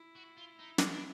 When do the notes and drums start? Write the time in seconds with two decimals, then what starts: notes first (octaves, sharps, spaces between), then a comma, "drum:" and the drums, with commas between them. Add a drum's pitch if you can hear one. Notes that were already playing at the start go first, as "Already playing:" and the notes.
Already playing: E4
0.15 F#4
0.37 F4
0.59 D#4
0.78 drum: snare
0.92 D4